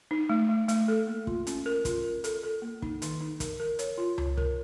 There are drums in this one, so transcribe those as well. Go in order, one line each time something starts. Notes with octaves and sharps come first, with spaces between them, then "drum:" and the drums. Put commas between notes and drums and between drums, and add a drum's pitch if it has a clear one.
D#4
A3
A3
A3, drum: hi-hat
A4
A#3
F4, drum: kick
C#4, drum: hi-hat
A#4
F4, drum: kick, hi-hat
A#4
A4, drum: hi-hat
A4
A#3
D#4, drum: kick
D#3, drum: hi-hat
D#4
A#4, drum: kick, hi-hat
A#4
C#5, drum: hi-hat
F4
C#5, drum: tom C#2
A#4, drum: kick